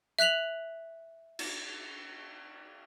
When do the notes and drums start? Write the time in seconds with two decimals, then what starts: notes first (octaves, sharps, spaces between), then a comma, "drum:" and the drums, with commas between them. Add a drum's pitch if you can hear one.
0.19 E5 F#6 B6 F7 F#7
1.39 drum: cymbal